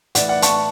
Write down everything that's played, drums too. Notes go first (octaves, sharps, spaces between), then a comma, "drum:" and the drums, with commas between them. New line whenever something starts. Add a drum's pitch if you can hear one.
A2 E3 D5 F#5, drum: hi-hat
D5 F#5
A5 C#6, drum: hi-hat